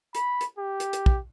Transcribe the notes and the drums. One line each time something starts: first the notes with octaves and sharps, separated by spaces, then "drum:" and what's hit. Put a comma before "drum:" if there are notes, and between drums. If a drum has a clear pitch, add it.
B5, drum: hi-hat
drum: hi-hat
G4
drum: hi-hat
drum: hi-hat
drum: kick